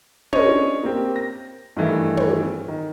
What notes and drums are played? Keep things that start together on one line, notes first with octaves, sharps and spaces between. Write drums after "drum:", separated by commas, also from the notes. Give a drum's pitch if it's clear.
C#4 D4 C#5 D#5, drum: tom
A#3 C4 G4
A#6
G2 D#3 E3 A3
drum: tom
D#3